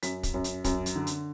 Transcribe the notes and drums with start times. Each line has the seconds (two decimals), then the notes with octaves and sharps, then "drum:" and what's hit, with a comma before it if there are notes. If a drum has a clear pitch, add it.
0.03 F#2 B6, drum: hi-hat
0.23 drum: kick, hi-hat
0.34 F#2
0.44 drum: hi-hat
0.64 F#2, drum: kick, hi-hat
0.86 drum: hi-hat
0.96 D3
1.07 drum: hi-hat